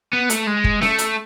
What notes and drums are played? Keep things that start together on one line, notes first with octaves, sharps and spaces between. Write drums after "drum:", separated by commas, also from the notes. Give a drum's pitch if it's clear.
B3
A3, drum: hi-hat
G#3
drum: kick
A3, drum: snare C#4
drum: hi-hat